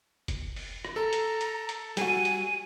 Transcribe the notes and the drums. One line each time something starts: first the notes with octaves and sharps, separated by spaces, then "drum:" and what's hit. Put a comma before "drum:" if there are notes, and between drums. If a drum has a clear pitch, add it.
drum: kick, hi-hat
drum: open hi-hat
drum: rim click
A4 A#5
drum: hi-hat
drum: hi-hat
drum: hi-hat
G3 F#4 G#5, drum: hi-hat
drum: hi-hat